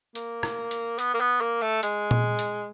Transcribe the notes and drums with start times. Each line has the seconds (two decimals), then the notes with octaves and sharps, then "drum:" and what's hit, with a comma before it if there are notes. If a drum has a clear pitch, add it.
0.15 A#3, drum: hi-hat
0.43 drum: rim click
0.71 drum: hi-hat
0.99 B3, drum: hi-hat
1.14 A#3
1.20 B3
1.41 A#3
1.62 A3
1.83 G#3, drum: hi-hat
2.11 drum: tom A#2
2.39 drum: hi-hat